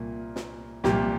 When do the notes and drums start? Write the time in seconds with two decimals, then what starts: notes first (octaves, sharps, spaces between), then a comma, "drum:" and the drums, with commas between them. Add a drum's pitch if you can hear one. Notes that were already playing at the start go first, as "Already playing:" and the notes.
Already playing: C2 A#2 A#3
0.36 drum: snare
0.84 C2 A#2 F3 G4, drum: snare